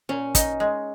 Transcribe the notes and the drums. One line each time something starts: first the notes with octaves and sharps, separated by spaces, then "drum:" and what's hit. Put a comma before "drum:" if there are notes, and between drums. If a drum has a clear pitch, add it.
A#2 C#4
D#4, drum: kick, hi-hat
G#3